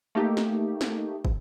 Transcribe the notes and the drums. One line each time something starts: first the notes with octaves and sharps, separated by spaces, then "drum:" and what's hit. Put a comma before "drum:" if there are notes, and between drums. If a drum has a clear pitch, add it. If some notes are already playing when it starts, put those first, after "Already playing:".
A3 A#3 D#4 G4
drum: snare
drum: snare
drum: kick